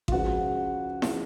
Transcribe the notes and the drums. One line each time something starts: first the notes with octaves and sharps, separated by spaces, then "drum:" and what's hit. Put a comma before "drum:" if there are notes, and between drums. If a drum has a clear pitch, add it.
F4, drum: kick A1
C#2 C#3 F3 F#4
C#3 F3, drum: snare E4